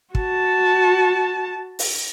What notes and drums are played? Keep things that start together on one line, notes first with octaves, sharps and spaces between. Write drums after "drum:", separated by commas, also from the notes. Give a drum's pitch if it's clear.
F#4 A5, drum: kick
drum: open hi-hat